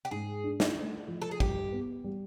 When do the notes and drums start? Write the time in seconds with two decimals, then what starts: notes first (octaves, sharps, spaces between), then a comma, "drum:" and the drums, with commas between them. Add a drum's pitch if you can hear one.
0.05 G4
0.11 G#2 G#4
0.44 D4
0.60 drum: snare
0.76 A3
1.08 F3
1.22 A4
1.31 G#4
1.40 G2 G4, drum: kick
1.72 B3
2.04 G3